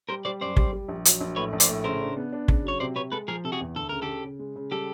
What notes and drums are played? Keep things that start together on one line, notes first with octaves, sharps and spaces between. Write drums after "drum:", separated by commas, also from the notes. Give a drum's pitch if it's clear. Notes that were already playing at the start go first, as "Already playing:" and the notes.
G3 A#4 C5
G3 C5 D5
F#2 C5 D5
G3, drum: kick
G3
A#1
F#3, drum: hi-hat
A#1
A2 B4 C#5
A#1
C5 D5, drum: hi-hat
A2
C#3 A#4 C5
D4
B3
D4
C#3, drum: kick
F#3 C#5
C3 C5 D5
C3 B4 C#5
G#3 A4 B4
F3 G#4 A#4
C3 A4
F#4 G#4
E2
D2 A4
C#3 A#4
G4 A4
C#3
C#3
G#3
C#3
G3 G4 A4